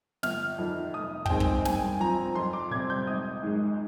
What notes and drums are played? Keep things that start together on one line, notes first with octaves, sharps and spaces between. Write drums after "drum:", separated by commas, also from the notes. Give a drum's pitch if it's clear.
G1 F6, drum: snare
F2 D#3
F1 D#6
G5, drum: kick
D#2 D#3 G#3 C4 G#5
drum: kick
G2 G#5, drum: snare
F3 C4 A#5
F2 C6
D6
C3 G3 C4 G#6
G6
G#1 D#6
G#2 D#3 G#3